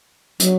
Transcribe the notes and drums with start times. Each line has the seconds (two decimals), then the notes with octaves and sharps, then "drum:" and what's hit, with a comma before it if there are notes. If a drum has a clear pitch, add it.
0.40 F#3, drum: hi-hat